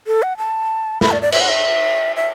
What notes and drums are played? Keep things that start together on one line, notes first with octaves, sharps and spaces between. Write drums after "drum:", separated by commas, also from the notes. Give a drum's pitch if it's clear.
A4
F#5
A5
B5, drum: snare
D5
D5
E5, drum: cymbal
F#5
E5
E5